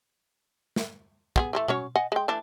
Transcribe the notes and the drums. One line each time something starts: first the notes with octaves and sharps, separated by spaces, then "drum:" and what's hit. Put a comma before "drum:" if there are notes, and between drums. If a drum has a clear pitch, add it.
drum: snare
B3 G4 G#4, drum: kick
E3 G#3 A3
F#3 C#4 C#5, drum: tom B2
D#5 F#5 G#5
G#3 G5
E3 A3 D4